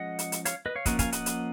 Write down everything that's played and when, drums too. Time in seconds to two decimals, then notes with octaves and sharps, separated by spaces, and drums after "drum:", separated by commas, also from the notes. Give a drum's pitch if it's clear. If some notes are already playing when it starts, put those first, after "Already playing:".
Already playing: F3 G#3 C#4 D#5 F#5
0.19 drum: hi-hat
0.32 drum: hi-hat
0.45 C#5 F5, drum: hi-hat
0.66 B4 D#5
0.76 C#5 F5
0.86 F3 A#3 C#4 D#5 F#5, drum: kick, hi-hat
0.99 F5 G#5, drum: kick, hi-hat
1.12 D#5 F#5, drum: hi-hat
1.26 drum: hi-hat